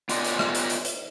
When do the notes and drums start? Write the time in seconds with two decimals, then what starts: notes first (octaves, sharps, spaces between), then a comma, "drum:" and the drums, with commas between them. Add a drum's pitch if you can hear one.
0.09 B3 F4 G4 D5 D#5 G#5, drum: hi-hat
0.24 drum: hi-hat
0.39 drum: rim click
0.54 drum: hi-hat
0.69 drum: hi-hat
0.85 drum: hi-hat